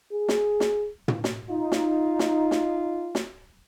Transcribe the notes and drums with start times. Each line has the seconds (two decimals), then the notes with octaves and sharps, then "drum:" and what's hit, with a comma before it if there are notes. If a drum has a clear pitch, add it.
0.13 G#4
0.29 drum: snare
0.60 drum: snare
1.08 drum: tom
1.24 drum: snare
1.50 D#4 F4
1.72 drum: snare
2.19 drum: snare
2.51 drum: snare
3.15 drum: snare